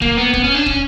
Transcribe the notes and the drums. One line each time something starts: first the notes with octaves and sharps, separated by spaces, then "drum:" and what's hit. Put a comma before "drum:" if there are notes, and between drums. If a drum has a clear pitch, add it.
A#3, drum: kick
B3
B3, drum: kick
C#4
D4
C#4, drum: kick